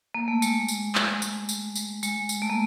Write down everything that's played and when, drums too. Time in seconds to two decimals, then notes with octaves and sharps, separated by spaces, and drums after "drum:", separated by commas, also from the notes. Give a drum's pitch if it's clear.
0.15 A#3
0.28 A3
0.42 G#3, drum: tambourine
0.68 drum: tambourine
0.95 drum: clap
1.22 drum: tambourine
1.49 drum: tambourine
1.76 drum: tambourine
2.03 G#3, drum: tambourine
2.29 drum: tambourine
2.42 A3
2.50 A#3